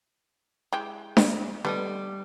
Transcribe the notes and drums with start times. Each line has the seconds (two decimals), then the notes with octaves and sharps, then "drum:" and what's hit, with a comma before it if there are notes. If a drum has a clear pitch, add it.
0.73 G#3 E4 G4
1.17 drum: snare D4
1.65 G3 B3 A4 D#5